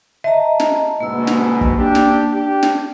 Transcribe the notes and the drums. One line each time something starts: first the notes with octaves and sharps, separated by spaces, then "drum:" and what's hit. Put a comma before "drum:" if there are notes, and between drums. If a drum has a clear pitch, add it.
D#5 E5 A5 A#5
drum: snare
D2 G#2 B2 A#3 E6
drum: snare
drum: kick
D4 G4
drum: snare
D4 G4
drum: snare